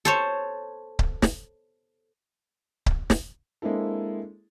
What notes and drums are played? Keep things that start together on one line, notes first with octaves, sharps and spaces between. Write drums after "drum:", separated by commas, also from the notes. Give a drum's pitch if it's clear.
A4 C5 C#5
drum: kick C#1
drum: snare
drum: kick C#1
drum: snare
G#3 A#3 C4 D4 E4 A4